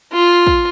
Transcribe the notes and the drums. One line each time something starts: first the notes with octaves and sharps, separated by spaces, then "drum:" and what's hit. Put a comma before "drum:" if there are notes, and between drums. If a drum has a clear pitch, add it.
F4
drum: kick